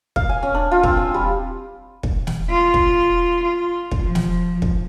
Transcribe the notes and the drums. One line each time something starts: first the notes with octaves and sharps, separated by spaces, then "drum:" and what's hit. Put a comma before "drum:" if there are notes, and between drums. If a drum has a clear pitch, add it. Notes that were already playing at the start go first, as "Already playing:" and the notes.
F5, drum: kick
G#5
C#4
D4
F4
C4, drum: kick
G#5
G3
drum: kick
drum: snare
F4
drum: kick
F4
drum: kick
F3
drum: snare
drum: kick